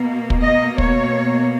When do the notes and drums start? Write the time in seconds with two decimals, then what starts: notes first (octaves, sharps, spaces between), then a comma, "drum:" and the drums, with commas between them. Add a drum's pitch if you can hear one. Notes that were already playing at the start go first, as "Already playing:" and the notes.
Already playing: B2 A#3
0.30 drum: kick
0.42 D#5
0.78 C#5, drum: kick